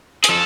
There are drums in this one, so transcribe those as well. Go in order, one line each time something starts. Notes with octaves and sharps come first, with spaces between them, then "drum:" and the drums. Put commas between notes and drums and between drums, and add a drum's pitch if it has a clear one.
G#4, drum: hi-hat
F3 A4